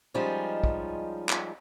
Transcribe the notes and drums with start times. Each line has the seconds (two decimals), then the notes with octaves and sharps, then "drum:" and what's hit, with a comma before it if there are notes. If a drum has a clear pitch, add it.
0.14 F3 G3 G#3 C#4 D#4 F4
0.64 drum: kick
1.29 drum: clap